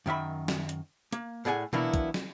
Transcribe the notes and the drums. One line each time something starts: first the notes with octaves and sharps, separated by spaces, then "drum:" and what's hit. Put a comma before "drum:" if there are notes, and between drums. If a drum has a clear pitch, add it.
F#2 D#3 E5 B5
drum: snare
drum: hi-hat
A#3, drum: hi-hat
A2 G#4 D5 F#5 G#5
E3 F#3 A#3 B3 D4 E4, drum: tom B2
drum: kick, hi-hat
drum: snare